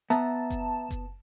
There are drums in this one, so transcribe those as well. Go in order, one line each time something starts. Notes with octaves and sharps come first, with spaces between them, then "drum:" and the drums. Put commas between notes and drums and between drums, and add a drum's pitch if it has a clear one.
B3 E5 A5 A#5, drum: hi-hat
drum: kick F#1, hi-hat
drum: kick F#1, hi-hat